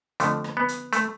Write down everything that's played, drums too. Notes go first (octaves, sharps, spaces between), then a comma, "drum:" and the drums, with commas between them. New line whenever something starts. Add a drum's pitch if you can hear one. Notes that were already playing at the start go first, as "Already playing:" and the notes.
F2 D3 F3 A3, drum: hi-hat
drum: rim click
B3
drum: hi-hat
A3, drum: hi-hat